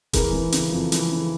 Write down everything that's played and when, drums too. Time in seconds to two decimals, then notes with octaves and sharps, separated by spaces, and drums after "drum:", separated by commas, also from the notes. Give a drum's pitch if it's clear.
0.13 E3 G#4 A#4, drum: kick D#1, hi-hat
0.32 E3
0.52 C#3, drum: hi-hat
0.71 F2
0.92 E3, drum: hi-hat
1.11 C#3